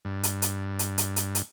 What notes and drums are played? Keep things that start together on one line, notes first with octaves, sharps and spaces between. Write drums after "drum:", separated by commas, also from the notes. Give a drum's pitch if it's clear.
G2
drum: hi-hat
drum: hi-hat
drum: hi-hat
drum: hi-hat
drum: hi-hat
drum: hi-hat